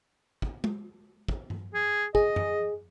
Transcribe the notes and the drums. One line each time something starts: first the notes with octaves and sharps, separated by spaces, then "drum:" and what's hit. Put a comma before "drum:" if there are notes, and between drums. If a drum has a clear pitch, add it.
drum: kick
drum: tom G#3
drum: kick
drum: tom G2
G#4
G#4 D#5, drum: kick
drum: tom F#2